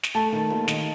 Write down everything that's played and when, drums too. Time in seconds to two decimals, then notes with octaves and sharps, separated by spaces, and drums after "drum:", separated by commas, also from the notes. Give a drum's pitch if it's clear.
0.03 drum: snare
0.15 A3 A5
0.33 D#3
0.50 D#2
0.68 D#3, drum: snare